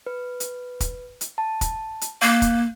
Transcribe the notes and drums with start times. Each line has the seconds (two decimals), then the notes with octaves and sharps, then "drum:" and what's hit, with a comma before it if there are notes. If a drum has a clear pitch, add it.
0.06 B4
0.40 drum: hi-hat
0.80 drum: kick, hi-hat
1.21 drum: hi-hat
1.38 A5
1.61 drum: kick, hi-hat
2.01 drum: hi-hat
2.22 A#3 F5 F#6 G6
2.42 drum: kick, hi-hat